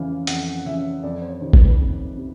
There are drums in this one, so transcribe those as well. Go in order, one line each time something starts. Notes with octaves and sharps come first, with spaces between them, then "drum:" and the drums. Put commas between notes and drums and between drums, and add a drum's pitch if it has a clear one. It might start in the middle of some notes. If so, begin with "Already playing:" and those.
Already playing: F2 C#3 E3 F5
F2 F#5, drum: hi-hat
C#3 E3 E5
F2 D5
C5
C#5
C3 D#3
B4, drum: kick G#1
F2
C3